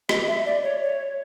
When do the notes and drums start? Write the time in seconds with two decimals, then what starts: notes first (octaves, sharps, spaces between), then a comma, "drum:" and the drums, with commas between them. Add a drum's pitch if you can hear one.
0.09 D#5, drum: rim click
0.27 E5
0.46 D5
0.63 C#5
0.83 C#5